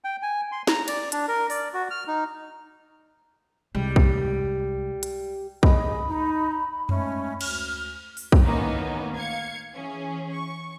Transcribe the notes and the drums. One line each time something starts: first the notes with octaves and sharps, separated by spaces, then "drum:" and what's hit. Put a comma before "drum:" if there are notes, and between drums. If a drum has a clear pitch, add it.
G5
G#5
C6
A#5, drum: snare
D5, drum: cymbal
D4, drum: hi-hat
A#4
D5, drum: open hi-hat
F#4
F6
D#4
C2 G3 G#3
drum: kick B1
drum: hi-hat
G#4 D#5 B5, drum: kick B1
D#4
G#3 A3 C#4, drum: tom F2
D2 F6, drum: cymbal
drum: open hi-hat
drum: kick B1
A2 D#3 A#3 B3 C#4 D#4
F5 G#6 C#7
E3 C#4 G#4
C#6